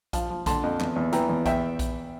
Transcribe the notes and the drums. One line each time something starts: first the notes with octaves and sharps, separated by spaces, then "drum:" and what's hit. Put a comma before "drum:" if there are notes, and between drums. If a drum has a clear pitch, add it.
F3 F5 A5, drum: kick A#1, hi-hat
F3
D3 A5 C6, drum: kick A#1, hi-hat
F2
E2, drum: clap
E2
E3 G5 A#5, drum: hi-hat
E2
E2 E5 G5, drum: kick A#1, hi-hat
drum: kick A#1, hi-hat